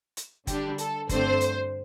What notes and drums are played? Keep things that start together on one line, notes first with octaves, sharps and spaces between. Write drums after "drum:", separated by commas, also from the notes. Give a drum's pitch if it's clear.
drum: hi-hat
D3 G3 D4 G4, drum: kick F#1, hi-hat
A4, drum: hi-hat
G2 D3 A3 C4 C5, drum: kick F#1, hi-hat
drum: hi-hat